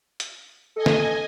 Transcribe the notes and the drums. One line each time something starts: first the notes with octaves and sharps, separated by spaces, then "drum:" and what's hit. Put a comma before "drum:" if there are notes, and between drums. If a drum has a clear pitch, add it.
drum: hi-hat
A4 D#5 G#5
drum: snare